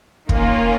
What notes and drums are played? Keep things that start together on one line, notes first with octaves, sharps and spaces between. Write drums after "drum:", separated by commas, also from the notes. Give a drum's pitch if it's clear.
D#3 A#3 C#4 F4, drum: kick